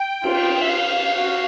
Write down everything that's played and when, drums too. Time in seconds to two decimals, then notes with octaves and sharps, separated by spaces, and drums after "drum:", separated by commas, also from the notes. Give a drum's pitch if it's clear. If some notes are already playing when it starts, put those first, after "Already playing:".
Already playing: G5
0.24 F4, drum: cymbal
0.62 E5
0.69 F5
1.16 F#4